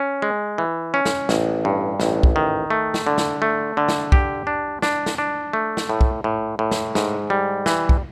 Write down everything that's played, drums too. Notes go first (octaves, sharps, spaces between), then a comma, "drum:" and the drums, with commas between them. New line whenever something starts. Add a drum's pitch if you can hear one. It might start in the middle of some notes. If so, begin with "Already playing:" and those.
Already playing: C#4
G#3
E3
C#4
drum: snare
A1, drum: snare
G2
A1, drum: snare
drum: kick
D#3
A3
drum: snare
D3
drum: snare
A3
D3
drum: snare
G4, drum: kick
D4
D4, drum: snare
drum: snare
D4
A3
drum: snare
A2
drum: kick
A2
A2
drum: snare
G#2, drum: snare
G3
E3, drum: snare
drum: kick